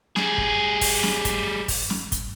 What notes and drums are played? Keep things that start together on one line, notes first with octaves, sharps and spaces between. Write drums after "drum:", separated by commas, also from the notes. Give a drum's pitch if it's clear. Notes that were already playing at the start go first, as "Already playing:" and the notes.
G3 G#4, drum: snare
drum: kick
drum: kick, open hi-hat
drum: snare
drum: kick, hi-hat
drum: kick, open hi-hat
drum: snare
drum: kick, hi-hat